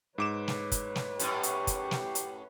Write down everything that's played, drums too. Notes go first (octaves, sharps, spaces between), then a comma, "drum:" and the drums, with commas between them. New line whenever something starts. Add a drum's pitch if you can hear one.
G#2 B4 C#5 D6 E7
drum: snare
drum: kick, hi-hat
drum: snare
F#2 A2 C#4 G4, drum: hi-hat
drum: hi-hat
drum: kick, hi-hat
drum: snare
drum: hi-hat